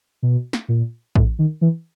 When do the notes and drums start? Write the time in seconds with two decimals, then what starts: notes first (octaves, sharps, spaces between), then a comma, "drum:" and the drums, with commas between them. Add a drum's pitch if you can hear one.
0.22 B2
0.53 drum: snare
0.68 A#2
1.15 A2, drum: kick
1.39 D#3
1.61 E3